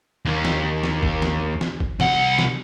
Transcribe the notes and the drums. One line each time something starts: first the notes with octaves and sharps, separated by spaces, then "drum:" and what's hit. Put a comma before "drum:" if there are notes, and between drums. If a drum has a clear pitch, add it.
D#2
drum: snare
drum: snare
drum: kick
drum: snare
drum: snare
drum: kick
C2 F#5, drum: snare
drum: snare